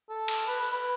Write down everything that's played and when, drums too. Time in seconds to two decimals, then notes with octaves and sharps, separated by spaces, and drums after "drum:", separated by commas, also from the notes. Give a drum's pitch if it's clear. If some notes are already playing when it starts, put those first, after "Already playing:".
0.10 A4
0.28 drum: cymbal
0.47 B4
0.60 B4
0.72 B4